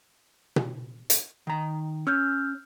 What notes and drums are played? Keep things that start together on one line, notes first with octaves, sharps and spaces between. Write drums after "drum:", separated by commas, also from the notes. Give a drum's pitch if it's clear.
drum: tom B2
drum: hi-hat
D#3 A#5
C#4 E6 F6 G6